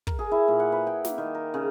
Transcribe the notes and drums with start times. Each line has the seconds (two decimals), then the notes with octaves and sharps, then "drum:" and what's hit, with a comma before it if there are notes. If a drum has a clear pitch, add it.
0.07 A#4, drum: kick
0.19 G#4
0.31 E4
0.48 A#2
0.59 F#5
0.72 B4
0.87 G5
1.05 A#3, drum: snare
1.18 D#3
1.35 A#4
1.54 C#3